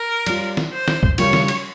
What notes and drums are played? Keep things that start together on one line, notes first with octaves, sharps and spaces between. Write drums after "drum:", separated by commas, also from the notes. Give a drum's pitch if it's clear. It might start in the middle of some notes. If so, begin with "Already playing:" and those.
Already playing: A#4
G3 C#4 F4, drum: cymbal
drum: snare
C5
drum: snare
drum: kick C#2
C#3 G3 C#4 F4 A#4 C#5, drum: cymbal
drum: snare
drum: cymbal